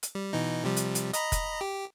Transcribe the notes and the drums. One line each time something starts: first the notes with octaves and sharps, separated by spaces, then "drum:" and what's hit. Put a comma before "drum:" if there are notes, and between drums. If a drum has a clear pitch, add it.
drum: hi-hat
G3
B2 E3 D#4
C3 F3 G3
drum: hi-hat
drum: hi-hat
D#5 A#5 B5, drum: hi-hat
drum: kick F1, hi-hat
G4